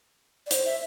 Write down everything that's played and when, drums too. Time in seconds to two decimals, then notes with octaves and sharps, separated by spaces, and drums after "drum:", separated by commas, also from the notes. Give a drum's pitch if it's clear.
0.47 D5
0.51 C5, drum: hi-hat
0.65 E5